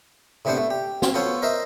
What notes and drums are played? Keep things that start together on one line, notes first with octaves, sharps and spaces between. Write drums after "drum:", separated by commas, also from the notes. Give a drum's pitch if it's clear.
A2 C3 B3 D4 C5 F#5
A3
G4
drum: snare
B3 F4 A4 C5 C#5
A#4 C5 D#5 E5 C6